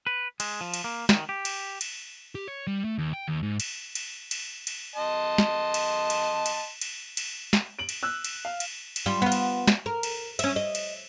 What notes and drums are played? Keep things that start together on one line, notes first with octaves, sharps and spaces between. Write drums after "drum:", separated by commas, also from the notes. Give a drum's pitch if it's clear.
B4
G#3, drum: cymbal
F3
drum: cymbal
A#3
D#3, drum: snare
G4
drum: cymbal
drum: cymbal
G4
C#5
G3
A3
D#2
G5
D#2
G#2
drum: cymbal
drum: cymbal
drum: cymbal
drum: cymbal
D#5 A5 C6
drum: snare
drum: cymbal
drum: cymbal
drum: cymbal
drum: cymbal
drum: cymbal
drum: snare
D7 F#7
drum: cymbal
E6 F#6
drum: cymbal
F5
drum: cymbal
drum: cymbal
G3 F4
B3 F4
drum: cymbal
drum: snare
A#4
drum: cymbal
C#4 E5, drum: cymbal
D#5
drum: cymbal